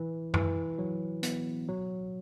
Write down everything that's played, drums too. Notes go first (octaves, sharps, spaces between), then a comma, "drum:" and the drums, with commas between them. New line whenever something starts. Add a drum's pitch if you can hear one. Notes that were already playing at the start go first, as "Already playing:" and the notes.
Already playing: E3
E3, drum: tom F#2
F#3
B3, drum: hi-hat
F#3